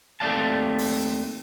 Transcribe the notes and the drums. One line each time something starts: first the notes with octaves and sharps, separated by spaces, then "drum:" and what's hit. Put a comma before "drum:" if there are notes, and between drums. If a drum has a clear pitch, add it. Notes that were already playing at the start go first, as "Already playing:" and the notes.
D#2 A3 C4 D5 F5 A5
drum: open hi-hat